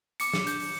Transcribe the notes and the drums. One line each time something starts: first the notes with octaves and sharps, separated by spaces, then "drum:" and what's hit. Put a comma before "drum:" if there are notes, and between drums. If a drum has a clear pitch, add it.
D6 C#7, drum: hi-hat
drum: snare
G6, drum: hi-hat
drum: open hi-hat